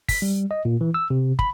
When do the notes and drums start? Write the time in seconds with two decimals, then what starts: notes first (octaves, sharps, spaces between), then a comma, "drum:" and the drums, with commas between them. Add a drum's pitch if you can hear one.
0.09 B6, drum: kick, open hi-hat
0.22 G3
0.51 D#5
0.65 A#2
0.81 E3
0.94 E6
1.10 C3
1.39 B5, drum: kick